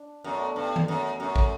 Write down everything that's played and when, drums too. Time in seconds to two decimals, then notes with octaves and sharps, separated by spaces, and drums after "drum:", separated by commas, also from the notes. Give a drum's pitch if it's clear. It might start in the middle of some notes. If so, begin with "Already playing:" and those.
Already playing: D4
0.24 F#2 B2 A3 D4 F#4
0.56 G2
0.76 drum: tom D#3
0.88 F#2
1.20 F#2 F#3 A3 C#4 F#4
1.36 drum: kick